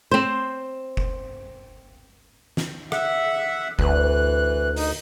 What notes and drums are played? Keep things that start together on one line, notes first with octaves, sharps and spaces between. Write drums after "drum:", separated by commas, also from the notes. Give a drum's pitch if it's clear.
C4 C5
drum: kick F#1
drum: snare
E5 F#5, drum: rim click
D2 E3 F#6, drum: kick F#1
D#4, drum: open hi-hat